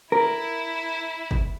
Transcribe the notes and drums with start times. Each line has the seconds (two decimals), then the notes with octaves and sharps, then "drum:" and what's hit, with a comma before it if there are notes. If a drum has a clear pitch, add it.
0.12 E4 A#4
1.31 drum: kick G1